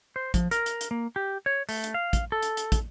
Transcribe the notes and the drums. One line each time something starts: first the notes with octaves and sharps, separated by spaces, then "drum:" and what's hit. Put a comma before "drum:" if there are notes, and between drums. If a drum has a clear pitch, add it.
C5
F3, drum: kick, hi-hat
A#4, drum: hi-hat
drum: hi-hat
drum: hi-hat
A#3
G4
C#5
A3, drum: open hi-hat
drum: hi-hat
F5
drum: kick, hi-hat
A4
drum: hi-hat
drum: hi-hat
drum: kick, hi-hat